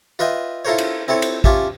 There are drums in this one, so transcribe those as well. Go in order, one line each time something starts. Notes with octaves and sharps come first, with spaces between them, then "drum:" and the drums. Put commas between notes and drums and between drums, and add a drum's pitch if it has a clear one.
F4 B4 D#5 E5 G5
E4 F4 A4 A#4 C5 C#5
drum: cymbal
C4 E4 A4 C#5
drum: cymbal
C#4 F4 G4 E5 A5, drum: kick